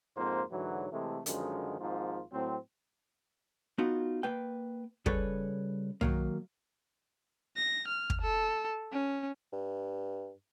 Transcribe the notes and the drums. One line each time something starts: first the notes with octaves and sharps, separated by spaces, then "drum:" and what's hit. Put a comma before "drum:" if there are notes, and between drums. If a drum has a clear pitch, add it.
F2 G#2 A#3 C5
G#2 D3 E3 F#3
C3 E3 G#3 A3
F#2 D3 D#3 F3 G#3, drum: hi-hat
G#1 G#2 F3 A#3 F4
A2 F#3 C4
B3 D#4 F4 F#4
A#3 B4 G5
C#3 G3 A4 B4 C#5, drum: kick
D#3 F#3 A#3, drum: tom
A#6
F6
drum: kick
A4
C#4
G2